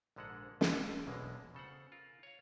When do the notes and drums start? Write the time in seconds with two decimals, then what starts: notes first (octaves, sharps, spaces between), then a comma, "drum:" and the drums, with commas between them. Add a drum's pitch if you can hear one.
0.16 A#1 G#2 D3 G#3 A4 F#5
0.61 D3 E4 F4, drum: snare
1.06 B1 E2 B2 D3 G#3 A#3
1.55 C#3 A4 C5 F#5
1.92 F4 A#4
2.23 C#5 F5